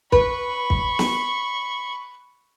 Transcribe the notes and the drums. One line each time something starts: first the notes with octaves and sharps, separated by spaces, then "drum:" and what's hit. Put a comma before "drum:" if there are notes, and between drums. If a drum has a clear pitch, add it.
B4 B5 C#6, drum: kick
drum: kick
drum: snare